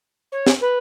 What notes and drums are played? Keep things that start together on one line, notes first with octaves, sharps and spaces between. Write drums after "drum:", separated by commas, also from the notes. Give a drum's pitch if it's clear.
C#5
drum: snare
B4